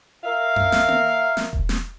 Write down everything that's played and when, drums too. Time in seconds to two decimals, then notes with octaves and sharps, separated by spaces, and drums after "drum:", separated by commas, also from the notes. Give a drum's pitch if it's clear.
0.24 A#4 E5 F5
0.56 drum: tom F2
0.72 drum: snare
0.88 drum: tom A#3
1.37 drum: snare
1.53 drum: kick E1
1.69 drum: snare